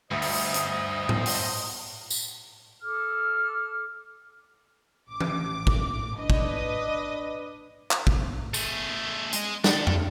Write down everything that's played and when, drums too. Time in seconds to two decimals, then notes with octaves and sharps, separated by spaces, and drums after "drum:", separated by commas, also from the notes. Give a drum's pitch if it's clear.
0.11 D2 G2 C5 D#5 D#6
0.22 drum: open hi-hat
0.54 drum: hi-hat
1.09 drum: tom A2
1.26 drum: open hi-hat
2.10 drum: tambourine
2.82 A4 D6 F6
5.11 A1 D6
5.21 drum: tom E3
5.67 drum: kick
6.19 D4 B4 D#5
6.30 drum: kick
7.91 drum: clap
8.07 drum: kick
8.54 A3 G#4, drum: tambourine
9.33 G#3 D#5, drum: hi-hat
9.64 D4 A4, drum: snare
9.87 drum: tom F2